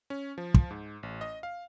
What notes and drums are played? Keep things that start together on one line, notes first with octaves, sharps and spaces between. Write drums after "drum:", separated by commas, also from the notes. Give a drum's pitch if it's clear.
C#4
F3
drum: kick
G#2
A1
D#5
F5